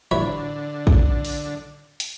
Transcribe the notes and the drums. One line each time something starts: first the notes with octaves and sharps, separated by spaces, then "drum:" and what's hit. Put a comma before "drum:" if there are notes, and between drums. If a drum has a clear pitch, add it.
A1 D3 C#5 B5
drum: kick
drum: open hi-hat
drum: hi-hat